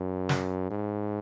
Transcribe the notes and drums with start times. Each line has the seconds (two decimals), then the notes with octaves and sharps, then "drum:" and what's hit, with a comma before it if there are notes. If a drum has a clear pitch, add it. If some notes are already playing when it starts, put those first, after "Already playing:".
Already playing: F#2
0.29 drum: snare
0.71 G#2